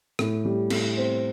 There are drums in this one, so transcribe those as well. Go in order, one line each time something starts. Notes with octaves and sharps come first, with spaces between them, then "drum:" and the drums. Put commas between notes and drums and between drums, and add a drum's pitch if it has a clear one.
A2, drum: rim click
G3
A2, drum: cymbal
C4